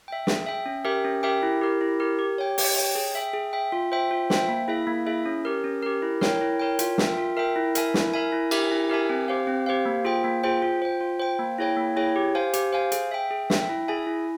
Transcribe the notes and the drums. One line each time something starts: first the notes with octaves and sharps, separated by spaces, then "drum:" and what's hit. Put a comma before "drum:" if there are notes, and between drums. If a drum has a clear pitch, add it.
E5 G5
G#4, drum: snare
E5 G5
C#4
G4 A#4 E5 G5
C#4
G4 A#4 E5 G5
E4
G4 A#4
E4
G4 A#4
G4
C#5 G5
G4, drum: open hi-hat
C#5 G5
G#4
E5 G5
G#4
E5 G5
F4
C5 E5 G5
F4
C5 E5 G5, drum: snare
A#3
E4 G#4 E5
A#3
E4 G#4 E5
C#4
G4 A#4
C#4
G4 A#4
E4
A#4 C#5 G5, drum: snare
E4
A#4 C#5 G5
F4, drum: hi-hat
A#4 E5 G5, drum: snare
F4
A#4 E5 G5
E4
A#4 E5 G#5, drum: hi-hat
E4, drum: snare
A#4 E5 G#5
E4
G4 A#4 E5 G#5, drum: cymbal
E4
G4 A#4 E5 G#5
C4
G4 C5 F5
C4
G4 C5 F5
A#3
F4 G#4 C5 G5
A#3
F4 G#4 C5 G5
F4
C5 G5
F4
C5 G5
A#3
E4 G#4 C#5 G5
A#3
E4 G#4 C#5 G5
G4
C5 F5 G#5
G4, drum: hi-hat
C5 F5 G#5
G#4, drum: hi-hat
E5 G5
G#4
E5 G5, drum: snare
E4
G#4 E5 G#5
E4